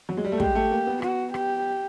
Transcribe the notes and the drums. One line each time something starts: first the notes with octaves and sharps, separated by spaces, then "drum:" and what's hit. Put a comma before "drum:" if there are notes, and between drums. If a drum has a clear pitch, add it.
F#3
G#3
G3
A3
G#3 G4, drum: kick
A3
A#3
B3
F#4, drum: rim click
G4, drum: rim click